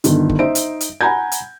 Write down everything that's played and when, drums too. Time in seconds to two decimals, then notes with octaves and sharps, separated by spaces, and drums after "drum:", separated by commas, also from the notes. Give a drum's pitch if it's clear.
0.04 G1 D3 D#3, drum: hi-hat
0.29 drum: kick
0.39 D#4 C5 E5 D7
0.55 drum: hi-hat
0.81 drum: hi-hat
1.01 F#5 G#5 A#5 B5 G6 G#6
1.32 drum: hi-hat